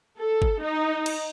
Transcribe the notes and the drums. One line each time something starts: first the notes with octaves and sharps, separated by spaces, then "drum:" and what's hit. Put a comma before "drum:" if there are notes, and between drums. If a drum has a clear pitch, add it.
A4
drum: kick G1
D#4
drum: cymbal